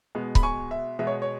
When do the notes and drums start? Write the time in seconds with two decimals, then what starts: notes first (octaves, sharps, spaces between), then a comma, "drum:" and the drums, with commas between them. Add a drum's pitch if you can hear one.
0.15 B2 G#3 B3
0.35 B5, drum: kick C#1
0.43 G#5 C#6
0.71 E5
0.99 B2 G#3 B3 E5
1.07 C#5
1.22 C#5